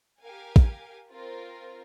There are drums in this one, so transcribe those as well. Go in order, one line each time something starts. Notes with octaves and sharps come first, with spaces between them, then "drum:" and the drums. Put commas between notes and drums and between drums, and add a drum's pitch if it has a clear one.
G4 A#4 F5 G#5
drum: kick
C4 F4 A#4